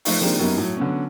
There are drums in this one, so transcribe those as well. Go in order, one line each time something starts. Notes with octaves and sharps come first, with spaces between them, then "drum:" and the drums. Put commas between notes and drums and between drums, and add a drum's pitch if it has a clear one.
F3 A3 D#4 F5 C#6, drum: open hi-hat
C3 D#3 F3 G#3 A#3 D4
F#2 F#3 G3 A#3 B3 D#4
A2 F#3
D3 F#3 B3 C#4